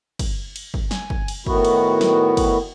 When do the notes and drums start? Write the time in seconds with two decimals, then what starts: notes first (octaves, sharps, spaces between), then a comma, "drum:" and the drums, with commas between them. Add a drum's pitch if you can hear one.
0.19 drum: kick, cymbal
0.56 drum: cymbal
0.74 drum: kick
0.91 G#5, drum: snare
1.10 drum: kick
1.28 drum: cymbal
1.46 A2 D#3 B3 E4 F#4, drum: kick
1.65 drum: cymbal
2.01 drum: snare
2.37 drum: kick, cymbal